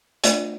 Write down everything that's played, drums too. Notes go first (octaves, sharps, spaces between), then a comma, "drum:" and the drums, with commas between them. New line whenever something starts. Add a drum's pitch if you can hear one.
A3 D4 F4 D5, drum: hi-hat